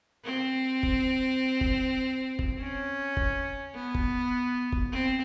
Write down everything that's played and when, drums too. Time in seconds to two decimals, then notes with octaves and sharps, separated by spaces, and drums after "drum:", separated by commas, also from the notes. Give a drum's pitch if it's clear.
0.25 C4
0.83 drum: kick F1
1.61 drum: kick F1
2.39 drum: kick F1
2.59 C#4
3.17 drum: kick F1
3.75 B3
3.95 drum: kick F1
4.73 drum: kick F1
4.92 C4